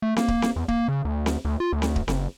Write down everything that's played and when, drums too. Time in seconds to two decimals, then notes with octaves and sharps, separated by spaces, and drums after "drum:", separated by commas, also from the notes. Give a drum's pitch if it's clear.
0.02 A3
0.16 A#3, drum: snare C4
0.28 drum: kick D1
0.42 drum: snare C4
0.56 E2
0.68 A#3, drum: kick D1
0.88 C#3
1.05 D2
1.26 drum: snare C4
1.45 D2
1.60 F4
1.73 D2
1.82 drum: snare C4
1.96 drum: kick D1
2.08 F#1, drum: snare C4